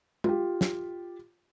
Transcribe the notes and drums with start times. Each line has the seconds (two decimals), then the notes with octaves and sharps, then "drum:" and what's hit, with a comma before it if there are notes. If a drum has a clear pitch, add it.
0.24 F4 G4, drum: tom G#3
0.61 drum: snare